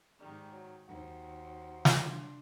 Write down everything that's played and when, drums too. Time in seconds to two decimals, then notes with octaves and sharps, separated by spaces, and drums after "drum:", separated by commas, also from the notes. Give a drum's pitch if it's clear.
0.21 G#2 D#3 G3
0.52 F#3
0.88 D#2 F#4 C5
1.85 drum: snare
2.05 D4 C6